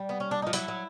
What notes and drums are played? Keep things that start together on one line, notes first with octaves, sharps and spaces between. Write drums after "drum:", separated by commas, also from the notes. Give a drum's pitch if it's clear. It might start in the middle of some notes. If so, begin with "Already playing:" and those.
Already playing: G3
B3
C#4
D4
F3 D#4
F#3 E4, drum: hi-hat
F#3